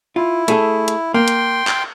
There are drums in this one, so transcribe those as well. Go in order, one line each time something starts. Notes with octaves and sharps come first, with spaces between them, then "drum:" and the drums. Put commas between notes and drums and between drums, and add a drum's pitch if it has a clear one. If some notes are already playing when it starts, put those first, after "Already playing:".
E4 F4
A3 G#4 A4, drum: hi-hat
drum: hi-hat
A#3 G5 C6
drum: hi-hat
drum: clap